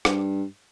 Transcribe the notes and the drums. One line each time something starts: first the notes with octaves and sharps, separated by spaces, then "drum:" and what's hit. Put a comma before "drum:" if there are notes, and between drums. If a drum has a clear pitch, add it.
G2, drum: rim click